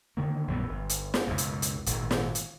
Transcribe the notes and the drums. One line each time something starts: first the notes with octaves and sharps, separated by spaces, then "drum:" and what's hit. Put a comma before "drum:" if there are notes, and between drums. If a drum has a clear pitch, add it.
D3 D#3 A#3
A#1 F#2 G3 B3
G1
drum: hi-hat
drum: snare
C#2 F#2 B2
drum: hi-hat
drum: hi-hat
G#1 A#2 D#3, drum: hi-hat
drum: snare
drum: hi-hat